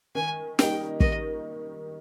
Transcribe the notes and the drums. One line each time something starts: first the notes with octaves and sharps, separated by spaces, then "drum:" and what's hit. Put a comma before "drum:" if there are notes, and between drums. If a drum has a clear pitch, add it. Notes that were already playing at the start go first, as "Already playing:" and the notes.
D#3 G#5
G3 A#3 D#4 G5, drum: snare
D#3 D#5, drum: kick